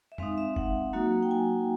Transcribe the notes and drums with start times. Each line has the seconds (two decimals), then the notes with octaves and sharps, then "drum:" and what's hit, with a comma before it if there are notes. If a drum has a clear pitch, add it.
0.12 E5
0.18 G#3 C4 D#4 F5, drum: tom F2
0.38 E5
0.56 F#5, drum: kick F#1
0.93 F#3 A#3 D#4 F#4
1.23 G5
1.31 G#5